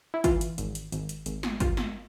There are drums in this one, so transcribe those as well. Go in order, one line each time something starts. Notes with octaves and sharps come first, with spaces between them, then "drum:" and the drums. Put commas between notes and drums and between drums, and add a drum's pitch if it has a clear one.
E4
E3 F4, drum: kick, hi-hat
drum: hi-hat
G#1, drum: hi-hat
drum: hi-hat
G#1, drum: hi-hat
drum: hi-hat
G#1, drum: hi-hat
drum: snare
G2 F4, drum: kick, hi-hat
drum: snare